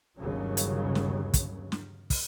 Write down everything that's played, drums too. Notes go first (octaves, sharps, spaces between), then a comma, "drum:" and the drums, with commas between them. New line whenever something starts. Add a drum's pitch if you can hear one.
G1 D#2 C#3 F#3
drum: hi-hat
drum: snare
drum: kick, hi-hat
drum: snare
drum: kick, open hi-hat